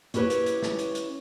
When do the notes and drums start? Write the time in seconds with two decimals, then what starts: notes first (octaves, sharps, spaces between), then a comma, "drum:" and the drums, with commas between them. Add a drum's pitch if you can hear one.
0.14 C#4 E4 G4 A#4 B4 C#5, drum: hi-hat
0.30 drum: hi-hat
0.46 drum: hi-hat
0.63 drum: snare
0.79 drum: hi-hat
0.95 drum: hi-hat